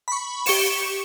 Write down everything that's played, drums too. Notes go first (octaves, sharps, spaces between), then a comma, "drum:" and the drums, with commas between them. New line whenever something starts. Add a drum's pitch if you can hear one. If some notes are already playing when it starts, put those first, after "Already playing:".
B5 C#6
G4 C#6 C#7 E7, drum: open hi-hat